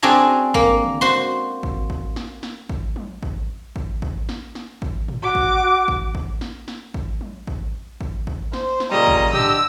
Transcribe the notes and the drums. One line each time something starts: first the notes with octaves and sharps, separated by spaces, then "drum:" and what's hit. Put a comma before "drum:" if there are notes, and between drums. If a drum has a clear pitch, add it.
C4 D4 F#4 G#4 A#5
A#3, drum: kick
drum: tom
F#4 C5 C6
drum: kick
drum: kick
drum: snare
drum: snare
drum: kick
drum: tom
drum: kick
drum: kick
drum: kick
drum: snare
drum: snare
drum: kick
drum: tom
F#4 D6
drum: kick
drum: kick
drum: kick
drum: snare
drum: snare
drum: kick
drum: tom
drum: kick
drum: kick
drum: kick
C5, drum: snare
drum: snare
A#2 C#3 G3 D#5 A#5
drum: kick
D3 G4 E6, drum: tom